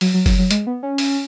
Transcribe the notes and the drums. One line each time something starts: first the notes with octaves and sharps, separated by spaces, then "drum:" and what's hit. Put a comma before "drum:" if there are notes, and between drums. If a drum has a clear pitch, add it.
F#3, drum: open hi-hat
F#3
F#3, drum: kick F#1, open hi-hat
F#3
G#3, drum: hi-hat
B3
C#4
drum: open hi-hat